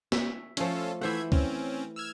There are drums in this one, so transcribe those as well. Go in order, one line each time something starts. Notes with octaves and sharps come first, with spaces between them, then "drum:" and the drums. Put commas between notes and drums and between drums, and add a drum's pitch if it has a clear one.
E5, drum: snare B3
F3 A3 C#4 F4 A4, drum: hi-hat
E3 A3 C5 E5 F#5 G#6
C4 C#4, drum: kick C#2
E6 F6 G#6